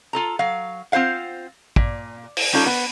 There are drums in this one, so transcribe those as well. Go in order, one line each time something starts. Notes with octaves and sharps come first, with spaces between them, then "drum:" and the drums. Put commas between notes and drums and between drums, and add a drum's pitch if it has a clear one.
F4 A4 A#5
F#3 F5
C4 F4 C5 F5 F#5
A#2, drum: kick
drum: open hi-hat
G3 C#4 D#4 F4 A4
B3